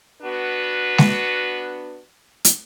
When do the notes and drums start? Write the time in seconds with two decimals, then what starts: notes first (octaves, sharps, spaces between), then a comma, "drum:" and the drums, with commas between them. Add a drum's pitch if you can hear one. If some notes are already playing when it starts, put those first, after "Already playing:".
0.23 B3 D4 F#4 B4
0.98 drum: snare
2.45 drum: hi-hat